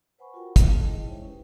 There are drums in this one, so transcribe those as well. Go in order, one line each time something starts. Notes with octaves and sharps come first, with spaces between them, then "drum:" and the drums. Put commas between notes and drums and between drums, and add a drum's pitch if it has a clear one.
B4 C5 F#5 G#5 B5 C#6
F4 F#4 A#4 F#5 G5
drum: kick, hi-hat
A4 A5
C#4 D#4 E4 G#4 D#5 G5
G#3 E4 C5 C#5 E5 G5
C#4 D#4 G4 B4